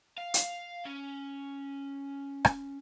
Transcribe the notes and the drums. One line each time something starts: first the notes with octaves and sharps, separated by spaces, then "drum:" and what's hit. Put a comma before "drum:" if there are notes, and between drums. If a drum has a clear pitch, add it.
F5
drum: hi-hat
C#4
drum: rim click